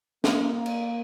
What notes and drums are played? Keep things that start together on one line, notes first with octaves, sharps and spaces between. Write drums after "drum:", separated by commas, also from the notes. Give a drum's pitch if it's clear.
A#3, drum: snare
drum: cymbal